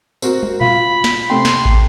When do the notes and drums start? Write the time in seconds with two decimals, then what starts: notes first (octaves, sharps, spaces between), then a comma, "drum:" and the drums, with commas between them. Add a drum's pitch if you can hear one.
0.22 C4 F#4 A#4, drum: tambourine
0.43 drum: tom
0.61 F4 B5, drum: tom A#2
1.04 drum: snare
1.30 C3 A3 G5 C6
1.45 drum: snare
1.65 drum: kick